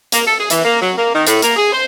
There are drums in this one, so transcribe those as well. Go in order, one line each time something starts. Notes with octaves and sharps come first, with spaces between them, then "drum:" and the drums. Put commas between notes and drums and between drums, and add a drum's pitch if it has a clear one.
A#3, drum: hi-hat
A4
G#4
E3, drum: hi-hat
A#3
F#3
A#3
D#3
A2, drum: hi-hat
A#3, drum: hi-hat
G#4
C5